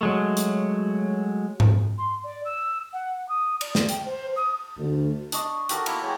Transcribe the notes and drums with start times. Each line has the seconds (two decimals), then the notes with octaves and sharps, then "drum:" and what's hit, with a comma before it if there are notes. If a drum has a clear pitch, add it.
0.01 F#3 G#3 A3
0.37 drum: hi-hat
1.60 drum: tom G#2
1.98 C6
2.24 D5
2.45 E6
2.93 F#5
3.29 D#6
3.61 D5, drum: cymbal
3.75 drum: snare
3.89 G5, drum: hi-hat
4.05 C5
4.36 D#6
4.78 D2
5.32 D4 D#5 C#6 D6, drum: hi-hat
5.69 F#4 G4 A4 A#4, drum: hi-hat
5.86 A#3 E4, drum: cymbal
6.02 F#3 G#3 C#5 G5